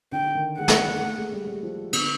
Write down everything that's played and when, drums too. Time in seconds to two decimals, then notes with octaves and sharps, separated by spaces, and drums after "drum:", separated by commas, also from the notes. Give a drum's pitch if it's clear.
0.12 D3 G5
0.35 D#3
0.58 G#3 F#5
0.68 drum: snare
0.88 A#3
1.02 A3
1.18 G#3
1.32 G3
1.47 G3
1.63 F3
1.93 D3, drum: cymbal